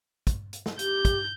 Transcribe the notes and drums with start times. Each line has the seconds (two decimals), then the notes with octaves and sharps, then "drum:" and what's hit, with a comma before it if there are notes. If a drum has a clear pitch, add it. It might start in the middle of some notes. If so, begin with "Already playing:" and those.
0.27 drum: kick, hi-hat
0.53 drum: hi-hat
0.66 drum: snare
0.79 G4 G6, drum: hi-hat
1.05 drum: kick, hi-hat